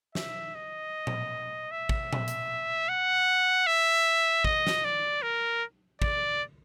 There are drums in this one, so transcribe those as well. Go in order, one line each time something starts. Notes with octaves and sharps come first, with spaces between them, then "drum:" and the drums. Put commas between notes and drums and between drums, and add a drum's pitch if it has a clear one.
E5, drum: snare
D#5
drum: tom A#2
E5
drum: kick
drum: tom A#2
drum: hi-hat
F#5
E5
D#5, drum: kick
drum: snare
D5
A#4
D5, drum: kick